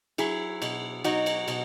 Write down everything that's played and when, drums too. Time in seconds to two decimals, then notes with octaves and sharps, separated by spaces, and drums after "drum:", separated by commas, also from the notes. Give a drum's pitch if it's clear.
0.18 F#3 E4 G#4, drum: cymbal
0.62 B2, drum: cymbal
1.04 F#3 D#4 F#4, drum: cymbal
1.26 drum: cymbal
1.48 B2, drum: cymbal